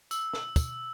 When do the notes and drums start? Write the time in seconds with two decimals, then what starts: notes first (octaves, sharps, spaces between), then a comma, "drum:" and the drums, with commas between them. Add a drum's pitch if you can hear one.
0.11 E6, drum: tambourine
0.33 drum: snare
0.56 drum: kick, tambourine